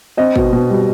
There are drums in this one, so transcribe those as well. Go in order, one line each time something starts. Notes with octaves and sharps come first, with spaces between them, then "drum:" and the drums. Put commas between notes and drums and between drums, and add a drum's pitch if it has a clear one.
C4 D#5
B2, drum: kick
B2
G3